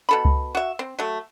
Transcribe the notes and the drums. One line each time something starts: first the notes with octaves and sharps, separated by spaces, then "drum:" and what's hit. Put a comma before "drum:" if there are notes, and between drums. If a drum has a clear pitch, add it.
B2 A4 B5
drum: kick C#2
F#4 E5
C4
F#3 A3